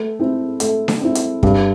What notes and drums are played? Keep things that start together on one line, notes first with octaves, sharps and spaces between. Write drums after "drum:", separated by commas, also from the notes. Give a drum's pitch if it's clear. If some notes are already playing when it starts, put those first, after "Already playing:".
Already playing: A3
C4 E4
A3, drum: hi-hat
drum: snare D4
C4 E4
drum: hi-hat
G2, drum: kick